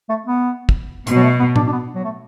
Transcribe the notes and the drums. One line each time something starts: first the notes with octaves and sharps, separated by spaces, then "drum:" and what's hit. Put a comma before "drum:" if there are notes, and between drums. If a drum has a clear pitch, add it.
A3
B3
drum: kick
B2, drum: hi-hat
F#3
A3
B3
D4, drum: tom A2
D4
B3
F#3
A3